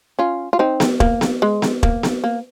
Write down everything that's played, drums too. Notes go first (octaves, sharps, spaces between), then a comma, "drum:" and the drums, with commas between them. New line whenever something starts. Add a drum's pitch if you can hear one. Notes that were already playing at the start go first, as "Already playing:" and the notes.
C#4 F4
F4
C4 D#4
drum: snare B3
A#3, drum: kick
drum: snare B3
G#3
drum: snare B3
A#3, drum: kick
drum: snare B3
A#3